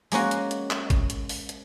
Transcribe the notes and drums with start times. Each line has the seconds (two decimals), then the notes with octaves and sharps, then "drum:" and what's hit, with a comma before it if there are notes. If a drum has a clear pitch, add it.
0.12 G#3 A#3 C#4 F#4, drum: open hi-hat
0.31 drum: hi-hat
0.51 drum: hi-hat
0.71 drum: clap
0.90 drum: kick G#1, hi-hat
1.10 drum: hi-hat
1.29 drum: open hi-hat
1.49 drum: hi-hat